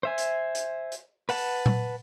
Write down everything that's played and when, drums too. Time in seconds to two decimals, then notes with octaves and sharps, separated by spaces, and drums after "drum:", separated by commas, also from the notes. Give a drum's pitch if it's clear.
0.03 C5 E5 G#5
0.18 drum: hi-hat
0.55 drum: hi-hat
0.92 drum: hi-hat
1.29 B4 F#5 A5, drum: open hi-hat
1.66 drum: tom A#2